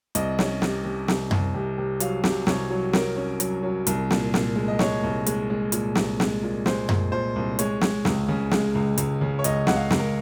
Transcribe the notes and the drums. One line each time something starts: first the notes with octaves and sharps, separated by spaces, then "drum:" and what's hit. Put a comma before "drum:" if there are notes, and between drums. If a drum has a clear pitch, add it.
C2 D#5, drum: hi-hat
C#4, drum: snare
C3, drum: snare
C3
C2, drum: snare
C2, drum: tom F#2
C3
C3
F#3 F5, drum: hi-hat
C3, drum: snare
C2 C#5, drum: snare
F#3
F#3 A#4, drum: snare
C#4
F#3, drum: hi-hat
F#3
C2, drum: hi-hat
A#2, drum: snare
A#2, drum: snare
G#3
D#5
G#3 C#5, drum: snare
C2
G#3, drum: hi-hat
G#3
A#2, drum: hi-hat
C2, drum: snare
G#3, drum: snare
A#2
G#3 C5, drum: snare
A#2, drum: tom F#2
A#2 C5
C2
G#3 C#5, drum: hi-hat
G#3, drum: snare
C#2, drum: snare
C#3
G#3, drum: snare
C#2
C#2, drum: hi-hat
C#3
C#5
C#2 D#5, drum: hi-hat
C#2 F#5, drum: snare
F5
C#2, drum: snare
A#4